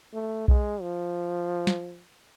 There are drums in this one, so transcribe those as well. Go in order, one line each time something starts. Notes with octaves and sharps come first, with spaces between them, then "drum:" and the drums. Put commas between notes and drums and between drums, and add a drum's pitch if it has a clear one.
A3
G#3, drum: kick B1
F3
drum: snare